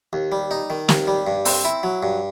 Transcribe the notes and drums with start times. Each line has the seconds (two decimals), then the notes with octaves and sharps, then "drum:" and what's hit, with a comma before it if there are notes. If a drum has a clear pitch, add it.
0.13 D#2
0.32 G3
0.51 D#4
0.70 D#3
0.89 D#2, drum: snare
1.07 G3
1.27 G2
1.45 C4, drum: open hi-hat
1.65 E4
1.83 F#3
2.03 G2